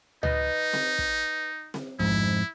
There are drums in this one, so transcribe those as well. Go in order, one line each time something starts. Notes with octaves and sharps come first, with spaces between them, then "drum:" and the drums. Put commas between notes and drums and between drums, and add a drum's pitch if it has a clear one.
D#4 B4 D#5, drum: tom C#2
drum: snare C4
drum: kick
drum: snare C4
F2 G#2 E4, drum: kick